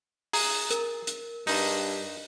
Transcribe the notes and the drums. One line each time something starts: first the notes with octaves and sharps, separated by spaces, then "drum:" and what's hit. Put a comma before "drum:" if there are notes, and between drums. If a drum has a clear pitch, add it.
G#4 A#5, drum: open hi-hat
A#4, drum: hi-hat
drum: hi-hat
G2 D#4, drum: open hi-hat